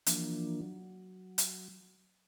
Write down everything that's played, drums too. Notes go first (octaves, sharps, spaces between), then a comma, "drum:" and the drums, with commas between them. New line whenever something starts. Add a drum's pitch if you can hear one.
E3 F3 A#3 D4, drum: hi-hat
F#3
drum: hi-hat